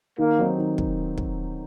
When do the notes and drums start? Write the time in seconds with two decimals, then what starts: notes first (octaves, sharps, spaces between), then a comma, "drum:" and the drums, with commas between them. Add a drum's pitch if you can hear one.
0.18 D#3 A#3
0.39 F#3 C4 D#4
0.58 D#3
0.78 drum: kick
1.18 drum: kick